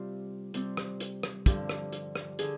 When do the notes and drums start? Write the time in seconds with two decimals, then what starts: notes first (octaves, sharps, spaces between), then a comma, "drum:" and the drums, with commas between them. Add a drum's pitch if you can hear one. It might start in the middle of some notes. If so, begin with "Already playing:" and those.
Already playing: C3 G3 C4 F4
0.54 C3 G3 C4, drum: hi-hat
0.77 drum: rim click
1.00 drum: hi-hat
1.23 drum: rim click
1.46 G2 D3 F3 G4, drum: kick, hi-hat
1.69 drum: rim click
1.92 drum: hi-hat
2.16 drum: rim click
2.39 D3 G#4, drum: hi-hat